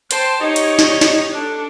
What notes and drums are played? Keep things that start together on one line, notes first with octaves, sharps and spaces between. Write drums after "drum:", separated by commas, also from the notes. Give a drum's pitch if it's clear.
C5 G5 A5, drum: hi-hat
D#4 G4 C#5
drum: hi-hat
drum: snare
drum: snare
D4 A4